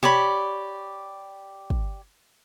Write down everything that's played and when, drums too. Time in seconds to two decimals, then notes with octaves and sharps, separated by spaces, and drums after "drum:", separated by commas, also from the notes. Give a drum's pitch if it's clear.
0.03 G4 C#5 D5 B5, drum: tom B2
1.70 drum: kick